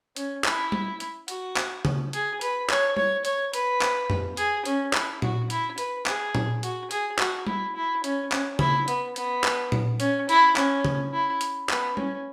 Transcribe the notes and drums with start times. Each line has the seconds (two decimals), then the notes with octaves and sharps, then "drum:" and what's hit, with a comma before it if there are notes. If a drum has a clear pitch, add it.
0.16 C#4, drum: hi-hat
0.44 E4, drum: clap
0.72 drum: tom G3
1.00 drum: hi-hat
1.28 F#4, drum: hi-hat
1.57 drum: clap
1.85 drum: tom C#3
2.13 G#4, drum: hi-hat
2.41 B4, drum: hi-hat
2.70 C#5, drum: clap
2.97 C#5, drum: tom G3
3.25 C#5, drum: hi-hat
3.53 B4, drum: hi-hat
3.82 drum: clap
4.10 drum: tom F2
4.37 G#4, drum: hi-hat
4.65 C#4, drum: hi-hat
4.93 E4, drum: clap
5.22 F#4, drum: tom A#2
5.50 E4, drum: hi-hat
5.78 B4, drum: hi-hat
6.06 G#4, drum: clap
6.35 drum: tom A#2
6.63 F#4, drum: hi-hat
6.91 G#4, drum: hi-hat
7.19 F#4, drum: clap
7.47 E4, drum: tom G3
7.75 E4
8.04 C#4, drum: hi-hat
8.32 C#4, drum: clap
8.59 E4, drum: tom C#3
8.88 B3, drum: hi-hat
9.16 B3, drum: hi-hat
9.44 drum: clap
9.72 drum: tom A#2
10.00 C#4, drum: hi-hat
10.29 E4, drum: hi-hat
10.56 C#4, drum: clap
10.85 drum: tom C#3
11.13 E4
11.41 drum: hi-hat
11.69 B3, drum: clap
11.97 C#4, drum: tom G3